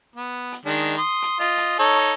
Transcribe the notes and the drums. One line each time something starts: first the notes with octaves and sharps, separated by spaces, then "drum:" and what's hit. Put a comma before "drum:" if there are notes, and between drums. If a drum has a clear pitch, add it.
B3
drum: hi-hat
D#3 G#3 D4
C6 D#6
drum: hi-hat
F4 D#5, drum: hi-hat
drum: hi-hat
D#4 A4 C#5
drum: hi-hat